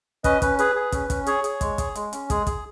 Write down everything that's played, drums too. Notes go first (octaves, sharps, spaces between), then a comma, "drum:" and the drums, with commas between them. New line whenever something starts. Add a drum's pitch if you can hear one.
C#4 B4 D#5, drum: kick, hi-hat
C#4 B4, drum: kick, hi-hat
G#4 B4, drum: hi-hat
G#4
C#4, drum: kick, hi-hat
C#4, drum: kick, hi-hat
G#4 C#5, drum: hi-hat
G#4, drum: hi-hat
G#3, drum: kick, hi-hat
G#4, drum: kick, hi-hat
G#3, drum: hi-hat
C#4, drum: hi-hat
G#3 G#4, drum: kick, hi-hat
G#4, drum: kick, hi-hat